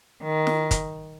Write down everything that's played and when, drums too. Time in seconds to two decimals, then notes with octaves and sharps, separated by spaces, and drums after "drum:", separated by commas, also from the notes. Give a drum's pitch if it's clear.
0.23 D#3
0.47 drum: snare
0.71 drum: kick, hi-hat